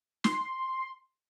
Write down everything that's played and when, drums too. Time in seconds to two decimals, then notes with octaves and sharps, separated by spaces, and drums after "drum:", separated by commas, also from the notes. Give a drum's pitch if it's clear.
0.24 C6, drum: snare